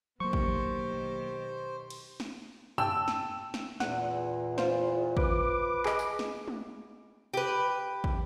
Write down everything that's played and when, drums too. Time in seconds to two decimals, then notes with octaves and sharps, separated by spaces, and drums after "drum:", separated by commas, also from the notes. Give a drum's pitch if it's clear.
0.20 B2 D#3 F#3 A#3 G4 C5 C#6
0.33 drum: kick
1.90 drum: cymbal
2.20 drum: snare
2.78 G5 A5 E6, drum: tom
3.08 drum: snare
3.54 drum: snare
3.80 E2 A#2 F#5, drum: snare
4.58 F4 C5, drum: snare
5.17 B4 D6, drum: kick
5.86 G#4 D#5, drum: clap
5.99 drum: tambourine
6.19 drum: snare
6.48 drum: tom G#3
7.34 G4 B4
8.04 drum: kick